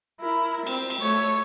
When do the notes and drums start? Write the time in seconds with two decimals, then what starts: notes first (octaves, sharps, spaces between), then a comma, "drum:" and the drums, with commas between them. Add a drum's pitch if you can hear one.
0.21 E4 A#4
0.67 C4, drum: cymbal
0.90 drum: cymbal
1.02 A3 C#5